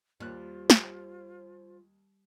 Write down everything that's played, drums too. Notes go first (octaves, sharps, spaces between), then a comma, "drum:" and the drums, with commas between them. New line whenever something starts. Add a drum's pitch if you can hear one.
D#2 G3 F4 C5 F#6
drum: snare